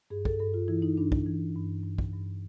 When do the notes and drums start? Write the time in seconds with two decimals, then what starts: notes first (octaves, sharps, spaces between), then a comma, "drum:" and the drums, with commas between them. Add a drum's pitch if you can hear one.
0.10 G2 G#4
0.25 A4, drum: kick
0.39 G2 A4
0.54 F4
0.68 E3 E4
0.82 D#4
0.97 G2 D4
1.12 drum: kick
1.26 E3
1.56 G2
1.83 G2
1.98 drum: kick
2.13 G2